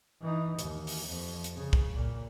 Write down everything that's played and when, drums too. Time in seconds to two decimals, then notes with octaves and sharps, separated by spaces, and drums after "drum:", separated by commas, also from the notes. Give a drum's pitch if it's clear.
0.22 E3 D#4
0.59 D#2, drum: hi-hat
0.87 drum: open hi-hat
1.09 F2
1.44 drum: hi-hat
1.57 C#3
1.73 drum: kick
1.94 A#2